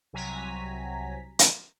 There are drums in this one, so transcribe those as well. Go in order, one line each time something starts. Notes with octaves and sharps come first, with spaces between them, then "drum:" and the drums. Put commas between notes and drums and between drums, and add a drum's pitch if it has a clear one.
C2 C3 F#3 G#5 A#5 B6
drum: hi-hat